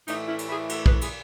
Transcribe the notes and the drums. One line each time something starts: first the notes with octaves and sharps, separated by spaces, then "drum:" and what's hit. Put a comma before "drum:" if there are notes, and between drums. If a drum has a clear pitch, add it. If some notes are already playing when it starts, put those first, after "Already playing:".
A2 E3 A3 D#4, drum: cymbal
C#4 E4
drum: cymbal
E4 G#4
F#4 A4, drum: cymbal
G#4 B4, drum: kick
E4 G#4, drum: cymbal